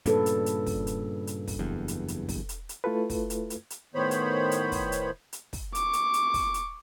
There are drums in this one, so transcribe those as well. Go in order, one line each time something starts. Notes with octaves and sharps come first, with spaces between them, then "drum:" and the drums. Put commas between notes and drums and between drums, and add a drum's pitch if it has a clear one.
G2 A#2 C#3 D4 A4 B4, drum: hi-hat
drum: hi-hat
drum: hi-hat
drum: kick, open hi-hat
drum: hi-hat
drum: hi-hat
drum: kick, open hi-hat
F#1 E2 G2
drum: hi-hat
drum: hi-hat
drum: kick, open hi-hat
drum: hi-hat
drum: hi-hat
A3 E4 F4 A4 B4
drum: kick, open hi-hat
drum: hi-hat
drum: hi-hat
drum: hi-hat
A2 D#3 B3 C5 C#5 B5
drum: hi-hat
drum: hi-hat
drum: kick, open hi-hat
drum: hi-hat
drum: hi-hat
drum: kick, open hi-hat
C#6 D6, drum: hi-hat
drum: hi-hat
drum: hi-hat
drum: kick, open hi-hat
drum: hi-hat